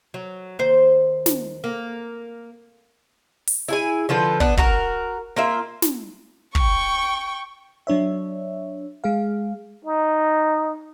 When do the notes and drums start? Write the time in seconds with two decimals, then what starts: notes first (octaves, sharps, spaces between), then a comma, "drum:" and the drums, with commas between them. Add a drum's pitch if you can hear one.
0.14 F#3
0.59 D#2 C5
1.26 drum: snare
1.64 A#3
3.47 drum: open hi-hat
3.68 E4 G#4 G#5
4.09 D3 F3 F4 B4
4.40 B3 D4, drum: kick
4.57 F#4 A#4, drum: kick
5.36 A#3 F4 E5
5.82 drum: snare
6.55 G5 C#6, drum: kick
7.87 F#3 D4 C#5 E5
9.04 G#3 G#4 F5
9.85 D#4